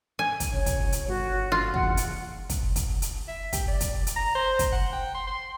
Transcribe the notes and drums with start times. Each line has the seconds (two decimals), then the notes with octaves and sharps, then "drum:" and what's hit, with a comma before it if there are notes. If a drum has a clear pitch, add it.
0.19 G#5
0.40 drum: kick, hi-hat
0.53 C#2 C#5
0.66 drum: kick, hi-hat
0.92 drum: hi-hat
1.08 G1 F#4
1.52 F4
1.74 F1 A#1 E2 F#5, drum: kick
1.97 drum: hi-hat
2.50 drum: kick, hi-hat
2.76 drum: kick, hi-hat
3.02 drum: hi-hat
3.28 E5
3.53 G4, drum: kick, hi-hat
3.68 D5
3.80 drum: kick, hi-hat
4.07 drum: hi-hat
4.16 A#5
4.35 C5
4.59 drum: kick, hi-hat
4.72 F#5
4.92 G5
5.14 C6
5.27 C6